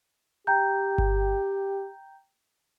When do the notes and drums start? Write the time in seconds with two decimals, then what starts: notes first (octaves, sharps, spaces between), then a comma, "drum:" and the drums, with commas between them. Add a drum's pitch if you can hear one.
0.47 G4 G5 A#5 G6
0.98 drum: kick G1